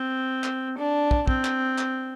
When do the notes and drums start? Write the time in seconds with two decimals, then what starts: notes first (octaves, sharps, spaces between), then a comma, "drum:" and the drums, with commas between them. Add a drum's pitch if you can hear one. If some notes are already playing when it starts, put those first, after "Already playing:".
Already playing: C4
0.44 drum: clap
0.78 D4
1.11 drum: kick
1.28 C4, drum: kick
1.45 drum: clap
1.78 drum: clap